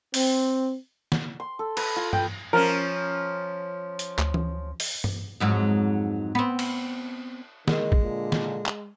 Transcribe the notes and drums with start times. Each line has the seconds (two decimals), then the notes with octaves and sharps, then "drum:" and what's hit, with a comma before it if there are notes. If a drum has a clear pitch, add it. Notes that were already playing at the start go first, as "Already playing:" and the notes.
0.14 C4, drum: open hi-hat
1.12 drum: snare
1.40 C6
1.59 A4
1.77 B4, drum: cymbal
1.96 F4
2.13 G5, drum: tom G2
2.53 F3 C#4 A#4
3.99 drum: hi-hat
4.18 D2, drum: clap
4.34 drum: tom E3
4.80 drum: open hi-hat
5.04 drum: tom G2
5.40 F2 G#2 F#3
6.35 B3 C4
6.59 drum: cymbal
7.68 D#3 G#3, drum: snare
7.92 drum: kick
8.01 A#2 D3
8.32 drum: snare
8.66 drum: clap